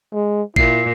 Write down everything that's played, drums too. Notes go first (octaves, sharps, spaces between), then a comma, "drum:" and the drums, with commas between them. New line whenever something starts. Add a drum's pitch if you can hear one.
G#3
A#2 E4 C7, drum: kick